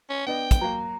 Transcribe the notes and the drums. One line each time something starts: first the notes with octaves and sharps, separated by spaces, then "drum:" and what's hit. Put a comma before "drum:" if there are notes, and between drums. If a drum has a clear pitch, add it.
C#4
B3 D4 D#5 G5
drum: kick, hi-hat
F#3 A#3 A#5